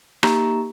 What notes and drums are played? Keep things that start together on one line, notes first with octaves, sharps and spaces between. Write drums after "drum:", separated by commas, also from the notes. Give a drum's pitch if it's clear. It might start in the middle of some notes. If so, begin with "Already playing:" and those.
A#3 D#4 G4 A#5, drum: rim click